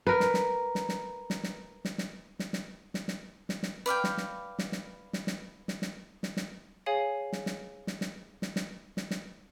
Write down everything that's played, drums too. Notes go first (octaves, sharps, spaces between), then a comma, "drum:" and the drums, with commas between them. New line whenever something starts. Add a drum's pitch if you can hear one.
A#4 B4
drum: snare
drum: snare
drum: snare
drum: snare
drum: snare
drum: snare
drum: snare
drum: snare
drum: snare
drum: snare
drum: snare
drum: snare
drum: snare
drum: snare
B4 D5 F5 G5
drum: snare
drum: snare
drum: snare
drum: snare
drum: snare
drum: snare
drum: snare
drum: snare
drum: snare
drum: snare
G#4 C#5 F5 G#5 C7
drum: snare
drum: snare
drum: snare
drum: snare
drum: snare
drum: snare
drum: snare
drum: snare